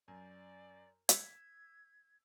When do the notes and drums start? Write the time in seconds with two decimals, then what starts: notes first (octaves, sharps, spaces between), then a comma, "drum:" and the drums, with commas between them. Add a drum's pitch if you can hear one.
0.08 F#2 D5
1.09 E6 G#6 B6, drum: hi-hat